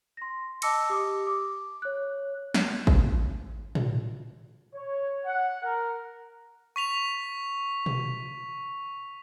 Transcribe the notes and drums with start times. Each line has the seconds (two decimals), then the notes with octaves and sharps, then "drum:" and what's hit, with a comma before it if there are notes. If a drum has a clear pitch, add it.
0.17 C6 A#6
0.62 D#5 A5 D6 E6 A#6 C#7, drum: cymbal
0.90 G4 D6 D#6
1.27 D6
1.82 C#5 F#6
2.54 drum: snare
2.87 drum: kick G#1
3.75 drum: tom A2
4.74 C#5
5.24 F#5
5.63 A#4
6.76 C#6 B6 F7
7.86 drum: tom A#2